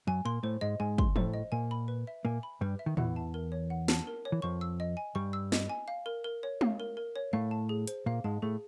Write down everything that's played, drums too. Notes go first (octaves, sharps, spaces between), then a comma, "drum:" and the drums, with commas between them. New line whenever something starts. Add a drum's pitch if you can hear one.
F#2 F#3 G#5
A#2 A#3 C6
A2 A3 C5
G#2 G#3 D#5
G#2 G#3 G#5
C6, drum: kick
A2 A3 C5, drum: tom E3
D#5
A#2 A#3 G#5
B5
B4
E5
A#2 A#3 G#5
B5
G2 G3 B4
E5
D#3
E2 E3 F#5, drum: tom A2
A5
A#4
C#5
F#5
A5, drum: snare
A#4
C#5
E3
F2 F3 C#6
E6
D#5
G#5
G2 G3 C#6
E6
D#5, drum: snare
G#5
F5
A#4
A#4
C#5
F5, drum: tom G#3
A#4
A#4
C#5
A2 A3 F5
A5
G#4
C5, drum: hi-hat
A#2 A#3 F5
G#2 G#3 A5
A2 A3 G#4